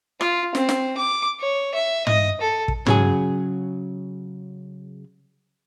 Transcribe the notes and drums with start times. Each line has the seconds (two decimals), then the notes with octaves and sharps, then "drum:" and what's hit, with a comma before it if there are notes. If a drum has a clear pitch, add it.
0.21 F4, drum: rim click
0.55 C4, drum: snare
0.69 drum: snare
0.98 D6
1.41 C#5
1.74 E5
2.07 D#5, drum: tom
2.41 A4
2.68 drum: kick
2.86 C#3 F#3 G#4, drum: tom